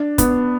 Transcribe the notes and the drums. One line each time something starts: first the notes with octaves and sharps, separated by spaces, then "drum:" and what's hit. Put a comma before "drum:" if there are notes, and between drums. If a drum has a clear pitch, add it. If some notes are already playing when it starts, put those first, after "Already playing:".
Already playing: D4
B3, drum: kick, hi-hat